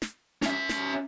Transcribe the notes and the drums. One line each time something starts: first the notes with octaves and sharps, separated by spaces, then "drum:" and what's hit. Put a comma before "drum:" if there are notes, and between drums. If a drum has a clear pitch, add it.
drum: snare
C#4 E5, drum: snare
drum: snare